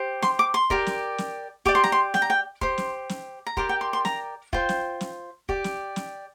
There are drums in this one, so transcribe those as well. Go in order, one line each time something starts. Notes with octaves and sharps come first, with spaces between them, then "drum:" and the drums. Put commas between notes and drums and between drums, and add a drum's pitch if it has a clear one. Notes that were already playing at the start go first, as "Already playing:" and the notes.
Already playing: G4 C5
C6, drum: snare
D6
C6
G4 A#4 D5, drum: kick
drum: snare
drum: snare
G4 D5 D6, drum: kick
C6
A#5, drum: snare
C6
G5, drum: snare
A#5
G5
G4 C5 C6, drum: kick
drum: snare
drum: snare
A#5
G4 A#4 D5 C6, drum: kick
G5
C6
C6
A#5, drum: snare
F4 C5 G5, drum: kick
drum: snare
drum: snare
G4 D5, drum: kick
drum: snare
drum: snare